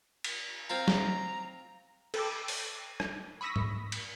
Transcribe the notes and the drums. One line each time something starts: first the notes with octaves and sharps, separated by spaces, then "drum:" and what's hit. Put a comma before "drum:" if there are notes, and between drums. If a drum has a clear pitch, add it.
drum: cymbal
C4 F4 A#5
drum: snare
A4 B4 G5 A5 D6 E6, drum: cymbal
drum: open hi-hat
drum: rim click
B5 C#6 D#6 E6 A#6 B6
drum: tom
drum: cymbal